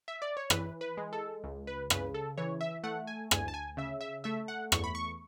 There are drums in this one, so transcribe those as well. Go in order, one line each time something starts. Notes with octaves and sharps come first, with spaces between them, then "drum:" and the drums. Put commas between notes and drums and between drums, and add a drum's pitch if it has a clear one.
E5
D5
C#5
E3 B4, drum: rim click
B4
G#3
A4
C#2
B4
C#3 B4, drum: rim click
A4
E3 C#5
E5
A3 F#5
G#5
D2 G#5, drum: rim click
A5
G#5
C#3 E5
E5
A3 E5
F#5
E2 C#6, drum: rim click
B5
C#6